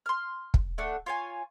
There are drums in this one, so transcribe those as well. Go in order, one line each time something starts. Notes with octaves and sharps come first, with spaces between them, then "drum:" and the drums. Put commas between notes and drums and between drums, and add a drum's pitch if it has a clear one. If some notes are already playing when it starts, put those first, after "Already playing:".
C6 F6
drum: kick
A3 D4 F#5
F4 C#5 G#5